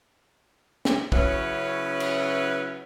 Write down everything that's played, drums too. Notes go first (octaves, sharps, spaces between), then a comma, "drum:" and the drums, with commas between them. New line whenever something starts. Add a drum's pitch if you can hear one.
drum: snare
C#3 F#3 C#4 E4 B4, drum: kick
drum: cymbal